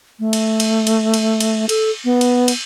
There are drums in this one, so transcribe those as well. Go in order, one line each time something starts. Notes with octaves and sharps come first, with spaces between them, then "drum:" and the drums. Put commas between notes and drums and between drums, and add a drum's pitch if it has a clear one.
A3
drum: cymbal
drum: cymbal
drum: cymbal
drum: cymbal
drum: cymbal
A4, drum: cymbal
B3
drum: cymbal
drum: cymbal